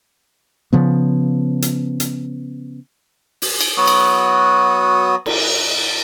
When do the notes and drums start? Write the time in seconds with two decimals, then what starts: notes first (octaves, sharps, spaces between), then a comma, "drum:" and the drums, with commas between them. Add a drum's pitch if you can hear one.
0.73 C#3 F3 B3
1.62 drum: hi-hat
2.00 drum: hi-hat
3.42 drum: open hi-hat
3.61 drum: cymbal
3.77 F#3 B3 F#4 D#6
3.87 drum: cymbal
5.26 drum: cymbal